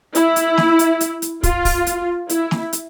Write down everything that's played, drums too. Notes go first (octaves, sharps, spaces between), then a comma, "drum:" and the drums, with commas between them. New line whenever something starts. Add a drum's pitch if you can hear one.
E4, drum: hi-hat
drum: hi-hat
drum: snare
drum: hi-hat
drum: hi-hat
drum: hi-hat
F4, drum: kick, hi-hat
drum: kick, open hi-hat
drum: hi-hat
E4, drum: hi-hat
drum: snare
drum: hi-hat